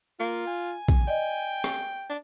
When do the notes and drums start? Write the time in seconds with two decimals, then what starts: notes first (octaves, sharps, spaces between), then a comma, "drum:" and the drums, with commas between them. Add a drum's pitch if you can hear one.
0.20 A#3 F4
0.47 G#5
0.89 drum: kick A#1
1.07 D5 D#5 G5
1.64 drum: rim click
2.09 D4